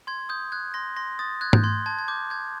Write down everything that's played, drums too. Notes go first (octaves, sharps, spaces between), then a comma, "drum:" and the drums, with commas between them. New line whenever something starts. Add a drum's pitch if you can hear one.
C6 G#6
D#6 G6
F#6 G#6
C6 A#6
C6 A#6
D#6 A6
F#6 G#6
G6, drum: tom G#2
C6 G#6
A5 G#6
G#6
D6 G6
G6 G#6